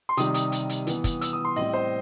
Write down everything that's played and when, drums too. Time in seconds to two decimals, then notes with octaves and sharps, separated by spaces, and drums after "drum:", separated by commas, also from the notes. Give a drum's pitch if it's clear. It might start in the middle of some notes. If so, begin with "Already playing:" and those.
0.09 C6
0.17 C3 D#3 G3 D#6, drum: hi-hat
0.34 D#6, drum: hi-hat
0.52 drum: hi-hat
0.69 drum: hi-hat
0.87 E3 B3, drum: hi-hat
1.04 drum: kick, hi-hat
1.21 E6, drum: hi-hat
1.33 D#6
1.45 C6
1.56 A2 G3 C4 D#5, drum: open hi-hat
1.73 C5